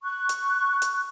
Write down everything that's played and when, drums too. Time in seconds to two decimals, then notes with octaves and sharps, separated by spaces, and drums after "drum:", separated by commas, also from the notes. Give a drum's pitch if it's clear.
0.03 C#6 F#6
0.29 drum: hi-hat
0.82 drum: hi-hat